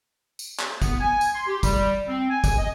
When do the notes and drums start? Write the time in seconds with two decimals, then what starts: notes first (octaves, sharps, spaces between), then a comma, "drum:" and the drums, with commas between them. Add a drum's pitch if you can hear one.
0.39 drum: tambourine
0.60 drum: clap
0.82 B3, drum: kick, tambourine
1.00 G#5
1.21 drum: tambourine
1.34 C6
1.47 G4
1.63 G3, drum: kick, tambourine
2.08 C4
2.30 G#5
2.44 drum: kick, tambourine
2.58 D#5